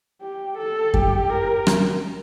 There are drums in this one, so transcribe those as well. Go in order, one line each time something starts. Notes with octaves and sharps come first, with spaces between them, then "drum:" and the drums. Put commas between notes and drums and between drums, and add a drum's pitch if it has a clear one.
G4
A4
G4, drum: kick F#2
A#4
drum: rim click